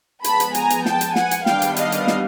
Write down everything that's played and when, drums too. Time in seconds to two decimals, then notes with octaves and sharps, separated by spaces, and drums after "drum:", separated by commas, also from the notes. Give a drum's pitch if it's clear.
0.24 F3 G#3 B3 A5 B5, drum: hi-hat
0.40 drum: hi-hat
0.55 G#5 A#5, drum: hi-hat
0.70 drum: hi-hat
0.86 G5 A5, drum: snare
1.01 drum: hi-hat
1.16 F#5 G#5, drum: snare
1.31 drum: hi-hat
1.46 D#3 G3 B3 D4 F5 G5, drum: snare
1.62 drum: hi-hat
1.76 D#5 F5, drum: hi-hat
1.92 drum: hi-hat
2.07 drum: snare